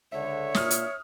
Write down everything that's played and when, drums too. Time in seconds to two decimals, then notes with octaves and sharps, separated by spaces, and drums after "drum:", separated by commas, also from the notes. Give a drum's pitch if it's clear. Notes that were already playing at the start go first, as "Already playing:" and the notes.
0.12 C#2 D3 C#5 E5
0.54 A#2 D#6 F6, drum: snare
0.71 drum: hi-hat